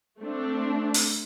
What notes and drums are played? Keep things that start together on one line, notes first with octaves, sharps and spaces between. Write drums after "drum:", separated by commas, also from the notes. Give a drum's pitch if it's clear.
A3 C4 D4
drum: open hi-hat